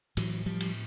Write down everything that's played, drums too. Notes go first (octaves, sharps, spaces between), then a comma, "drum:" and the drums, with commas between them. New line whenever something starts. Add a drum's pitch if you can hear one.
A2 E3 F#3, drum: cymbal
F3 G3
drum: cymbal